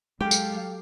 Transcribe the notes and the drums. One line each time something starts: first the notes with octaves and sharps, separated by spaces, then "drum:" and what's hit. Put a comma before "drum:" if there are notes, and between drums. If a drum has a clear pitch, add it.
F#3 G#3 G4 A4 F5
drum: tambourine